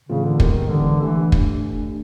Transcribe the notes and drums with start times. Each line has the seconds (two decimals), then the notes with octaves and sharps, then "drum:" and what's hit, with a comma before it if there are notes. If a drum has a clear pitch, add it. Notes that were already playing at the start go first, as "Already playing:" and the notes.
0.09 A2 C#3 E3 A3 C4 F4
0.25 D3
0.40 B2 D#3 G#3 B3 E4 G4, drum: kick
0.70 D3 E3 G#3 B3
1.01 E3 A3 D4 G4
1.32 drum: kick